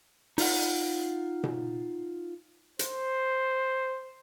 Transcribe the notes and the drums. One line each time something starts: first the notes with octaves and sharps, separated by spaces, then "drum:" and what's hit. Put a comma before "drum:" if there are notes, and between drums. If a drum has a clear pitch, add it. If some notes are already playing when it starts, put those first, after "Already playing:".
D#4 F4 F#5, drum: open hi-hat
drum: tom B2
C5, drum: hi-hat